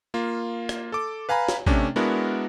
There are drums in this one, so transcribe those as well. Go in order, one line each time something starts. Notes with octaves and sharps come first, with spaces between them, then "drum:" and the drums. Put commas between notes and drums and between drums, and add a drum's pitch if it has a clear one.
A#3 F4
drum: rim click
A4 D6
B4 F5 G#5 A#5 B5
drum: snare
C3 A3 C#4 D4, drum: kick A1
G#3 B3 D4 E4 F#4 A#4